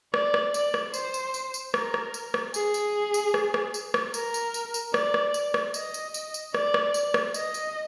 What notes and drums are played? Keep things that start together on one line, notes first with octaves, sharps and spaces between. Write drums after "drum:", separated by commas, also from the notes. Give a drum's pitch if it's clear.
D5, drum: rim click
drum: rim click
D5, drum: tambourine
drum: rim click
C5, drum: tambourine
drum: tambourine
drum: tambourine
drum: tambourine
A#4, drum: rim click
drum: rim click
drum: tambourine
drum: rim click
G#4, drum: tambourine
drum: tambourine
drum: tambourine
drum: rim click
drum: rim click
drum: tambourine
drum: rim click
A#4, drum: tambourine
drum: tambourine
drum: tambourine
drum: tambourine
D5, drum: rim click
drum: rim click
drum: tambourine
drum: rim click
D#5, drum: tambourine
drum: tambourine
drum: tambourine
drum: tambourine
D5, drum: rim click
drum: rim click
drum: tambourine
drum: rim click
D#5, drum: tambourine
drum: tambourine